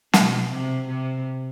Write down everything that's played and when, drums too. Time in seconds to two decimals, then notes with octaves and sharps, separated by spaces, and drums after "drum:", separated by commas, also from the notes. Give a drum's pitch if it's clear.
0.13 B2, drum: snare
0.50 C3
0.88 C3